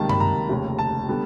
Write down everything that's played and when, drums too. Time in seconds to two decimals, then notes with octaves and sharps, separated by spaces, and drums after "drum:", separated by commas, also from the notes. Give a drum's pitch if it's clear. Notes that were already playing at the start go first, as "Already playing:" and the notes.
Already playing: C#2 C3 D#3 G3 A#3 A5
0.09 B5, drum: tom G2
0.20 A#5
0.49 F1 D#2 C#3
0.79 A5
1.08 D3 G3 B3